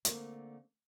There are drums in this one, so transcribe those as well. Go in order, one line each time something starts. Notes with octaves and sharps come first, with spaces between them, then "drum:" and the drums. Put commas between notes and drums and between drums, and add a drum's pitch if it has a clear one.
D3 A3 A#3 C4, drum: hi-hat